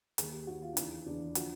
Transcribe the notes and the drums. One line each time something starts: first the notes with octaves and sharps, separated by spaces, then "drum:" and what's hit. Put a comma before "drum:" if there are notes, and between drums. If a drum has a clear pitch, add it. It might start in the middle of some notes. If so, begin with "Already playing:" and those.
D#2 D#3 G#4, drum: hi-hat
G4
D#2 D#3 F#4
F4
D4
E2 C#3 E3 D#4, drum: hi-hat
E2 C#3 E3 D4
D3 F3 F#4, drum: hi-hat